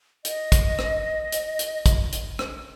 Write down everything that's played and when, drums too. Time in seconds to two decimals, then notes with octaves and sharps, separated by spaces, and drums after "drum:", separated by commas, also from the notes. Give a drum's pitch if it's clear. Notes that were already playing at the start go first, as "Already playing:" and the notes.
0.25 D#5, drum: hi-hat
0.52 drum: kick, hi-hat
0.79 drum: rim click
1.32 drum: hi-hat
1.59 drum: hi-hat
1.86 drum: kick, hi-hat
2.12 drum: hi-hat
2.39 drum: rim click